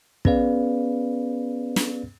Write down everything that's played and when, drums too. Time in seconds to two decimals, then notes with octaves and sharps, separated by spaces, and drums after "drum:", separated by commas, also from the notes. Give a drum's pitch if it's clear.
0.25 B3 C#4 G#4 B4 D5 F5, drum: kick
1.76 drum: snare